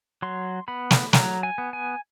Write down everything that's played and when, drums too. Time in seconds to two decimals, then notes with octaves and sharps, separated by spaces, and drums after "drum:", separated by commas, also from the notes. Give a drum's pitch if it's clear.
0.22 F#3 C6
0.68 B3 B5
0.91 drum: snare
1.13 F#3 A#5, drum: snare
1.43 G#5
1.58 B3
1.73 G#5